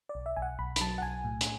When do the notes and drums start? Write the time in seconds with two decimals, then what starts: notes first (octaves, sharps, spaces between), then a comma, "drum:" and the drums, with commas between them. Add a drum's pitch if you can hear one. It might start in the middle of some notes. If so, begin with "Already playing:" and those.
0.09 D5
0.15 B1
0.26 E5
0.36 B1 G#5
0.42 F#5
0.59 B1 B5
0.76 B5, drum: hi-hat
0.81 F#3 A5
0.98 F#5
1.02 B1 G#5
1.24 A2
1.41 drum: hi-hat